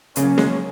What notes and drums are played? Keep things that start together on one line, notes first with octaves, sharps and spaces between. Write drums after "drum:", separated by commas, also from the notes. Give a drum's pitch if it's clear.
C#3 F#3 A#3 C#4, drum: hi-hat
G#3, drum: snare